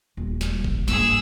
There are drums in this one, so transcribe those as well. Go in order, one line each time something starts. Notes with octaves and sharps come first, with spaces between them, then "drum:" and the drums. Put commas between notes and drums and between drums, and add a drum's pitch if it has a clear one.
D#1
drum: snare
drum: kick G#1
G2 A#3 G#4 E6, drum: snare